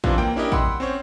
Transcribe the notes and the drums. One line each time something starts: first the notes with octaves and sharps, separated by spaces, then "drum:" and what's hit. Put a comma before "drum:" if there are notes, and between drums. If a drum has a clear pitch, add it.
C3 E3 F3 C4 D4 F4, drum: kick A1
A#3 G5
C#4 D4 E4 G4 A#4 D#5
F#5 G5 B5 C6 E6, drum: kick A1
C4 C#4 C5 C#5